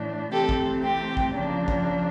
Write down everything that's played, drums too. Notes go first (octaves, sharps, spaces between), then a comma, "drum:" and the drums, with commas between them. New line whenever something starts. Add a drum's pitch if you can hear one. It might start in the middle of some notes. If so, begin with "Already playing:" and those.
Already playing: A2 E3 A3 D4
C3 E3 A3 C4 G4 A4
drum: kick
G4
drum: kick
C#3 F3 A#3 D4
drum: kick